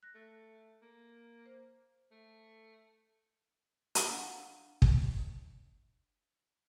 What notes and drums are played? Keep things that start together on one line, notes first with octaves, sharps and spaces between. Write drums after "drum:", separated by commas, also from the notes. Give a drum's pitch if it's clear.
F#6 A#6
A3
A#3
C5
A3
drum: hi-hat
D4 F5 F#5
drum: kick